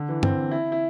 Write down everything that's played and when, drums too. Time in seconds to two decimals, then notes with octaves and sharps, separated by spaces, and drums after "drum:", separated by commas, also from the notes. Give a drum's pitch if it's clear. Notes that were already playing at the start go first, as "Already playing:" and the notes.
Already playing: D3
0.09 E3
0.23 C4, drum: tom G2
0.51 E4
0.72 E4